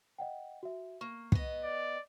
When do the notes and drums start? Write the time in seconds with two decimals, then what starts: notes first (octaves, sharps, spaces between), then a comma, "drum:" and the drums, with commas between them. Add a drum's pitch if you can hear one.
0.18 D#5 F#5 G5
0.63 F#4 E5
1.01 A#3 C#6
1.32 B3 D#5, drum: kick
1.64 D5